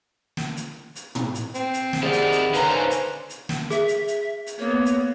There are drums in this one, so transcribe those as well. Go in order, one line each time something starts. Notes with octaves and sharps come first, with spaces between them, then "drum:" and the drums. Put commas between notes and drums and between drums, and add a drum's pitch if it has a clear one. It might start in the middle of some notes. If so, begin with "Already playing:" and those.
drum: snare
drum: hi-hat
drum: hi-hat
drum: tom
drum: hi-hat
C4, drum: hi-hat
drum: hi-hat
drum: snare
C3 D#3 E4 G#4 D5 F#5
drum: hi-hat
drum: hi-hat
D3 D#3 C#4 B4 C5 F5 G#5 A#5, drum: hi-hat
drum: hi-hat
drum: hi-hat
drum: snare
G#4 E5, drum: hi-hat
drum: hi-hat
drum: hi-hat
drum: hi-hat
A#3 B3 C#5
drum: hi-hat